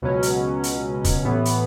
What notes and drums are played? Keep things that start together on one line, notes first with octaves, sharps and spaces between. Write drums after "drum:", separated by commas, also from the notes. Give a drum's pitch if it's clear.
C#2 B2 F#3 C#4
drum: hi-hat
drum: hi-hat
drum: kick, hi-hat
A1 A2 E3 B3
drum: hi-hat